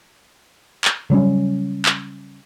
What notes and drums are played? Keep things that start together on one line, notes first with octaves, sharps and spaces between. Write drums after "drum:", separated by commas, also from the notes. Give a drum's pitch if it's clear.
drum: clap
C#3 F#3 G3 C#4
drum: clap